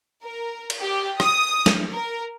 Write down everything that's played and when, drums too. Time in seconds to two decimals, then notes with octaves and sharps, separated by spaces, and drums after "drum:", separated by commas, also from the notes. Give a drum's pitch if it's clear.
0.23 A#4
0.70 drum: cymbal
0.81 G4
1.20 D#6, drum: rim click
1.66 drum: snare
1.92 A#4